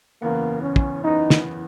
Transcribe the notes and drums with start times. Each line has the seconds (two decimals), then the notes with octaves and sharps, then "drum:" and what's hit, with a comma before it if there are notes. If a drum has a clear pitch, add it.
0.22 F#1 E2 C#3 E3 A#3 B3
0.62 C#4
0.76 drum: kick
1.03 F#1 E2 C#3 E3 B3 D#4
1.30 drum: snare